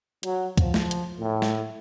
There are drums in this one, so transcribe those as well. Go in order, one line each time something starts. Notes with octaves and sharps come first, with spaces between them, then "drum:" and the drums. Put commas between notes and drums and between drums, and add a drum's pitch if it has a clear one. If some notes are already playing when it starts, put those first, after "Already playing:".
F#3, drum: hi-hat
F3, drum: kick C#2, hi-hat
drum: snare
drum: hi-hat
A2
drum: snare